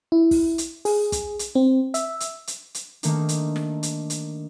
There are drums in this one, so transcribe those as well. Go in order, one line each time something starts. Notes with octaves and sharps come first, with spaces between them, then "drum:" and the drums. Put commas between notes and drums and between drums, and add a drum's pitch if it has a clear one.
E4
drum: kick, open hi-hat
drum: hi-hat
G#4, drum: open hi-hat
drum: kick, hi-hat
drum: hi-hat
C4
E5, drum: hi-hat
drum: hi-hat
drum: hi-hat
drum: hi-hat
D#3 A3 A#3 D4 D#4, drum: hi-hat
drum: hi-hat
drum: snare
drum: hi-hat
drum: hi-hat